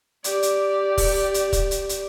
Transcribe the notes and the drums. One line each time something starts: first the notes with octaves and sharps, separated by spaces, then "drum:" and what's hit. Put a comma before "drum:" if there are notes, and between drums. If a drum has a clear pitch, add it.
G4 D5, drum: hi-hat
drum: hi-hat
drum: kick, open hi-hat
drum: hi-hat
drum: kick, hi-hat
drum: hi-hat
drum: hi-hat